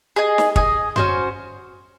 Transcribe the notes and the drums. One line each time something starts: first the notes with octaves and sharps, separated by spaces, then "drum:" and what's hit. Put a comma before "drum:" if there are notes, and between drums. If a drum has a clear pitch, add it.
G#4 D#5 G#5
drum: snare
G#4 D#5 G#5, drum: kick
C#4 F#4 C5, drum: tom F#2